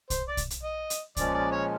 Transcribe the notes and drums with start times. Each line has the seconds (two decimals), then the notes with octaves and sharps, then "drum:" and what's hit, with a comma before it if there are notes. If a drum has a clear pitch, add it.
0.10 C5, drum: kick, hi-hat
0.28 D5
0.37 drum: kick, hi-hat
0.50 drum: hi-hat
0.64 D#5
0.90 drum: hi-hat
1.17 A#2 F3 G#3 C#4 D5, drum: kick, hi-hat
1.35 D5
1.52 C#5